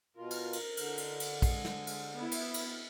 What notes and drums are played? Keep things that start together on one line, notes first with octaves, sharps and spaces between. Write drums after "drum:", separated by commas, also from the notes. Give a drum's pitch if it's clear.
B2 F4 A#4
drum: cymbal
drum: cymbal
D3, drum: cymbal
drum: cymbal
drum: cymbal
G#3, drum: kick, cymbal
drum: snare
drum: cymbal
B3 E4
drum: cymbal
drum: cymbal